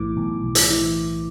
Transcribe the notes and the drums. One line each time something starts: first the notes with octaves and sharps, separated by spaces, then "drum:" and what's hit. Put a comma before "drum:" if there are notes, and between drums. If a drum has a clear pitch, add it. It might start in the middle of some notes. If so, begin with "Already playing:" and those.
Already playing: B1 A2 E3 D6
B1
B1
drum: hi-hat
E3